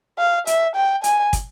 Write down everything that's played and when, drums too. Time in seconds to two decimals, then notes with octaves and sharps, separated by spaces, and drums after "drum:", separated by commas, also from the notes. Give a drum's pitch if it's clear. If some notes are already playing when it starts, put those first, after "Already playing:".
0.19 F5
0.47 E5, drum: hi-hat
0.76 G5
1.04 G#5, drum: hi-hat
1.33 drum: kick, hi-hat